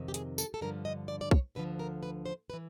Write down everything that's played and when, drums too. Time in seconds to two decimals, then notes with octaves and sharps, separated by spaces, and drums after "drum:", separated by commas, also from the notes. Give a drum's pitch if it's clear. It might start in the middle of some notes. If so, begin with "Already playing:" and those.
Already playing: F2 C3 D#3
0.08 G4
0.14 G#4, drum: hi-hat
0.38 A4, drum: tambourine
0.54 A4
0.61 G2 D3 F3 A#4
0.85 D#5
1.08 D5
1.21 D5
1.31 C#5, drum: kick
1.55 D2 D3 F3 B4
1.79 A#4
2.03 B4
2.26 C5
2.50 B4
2.53 E3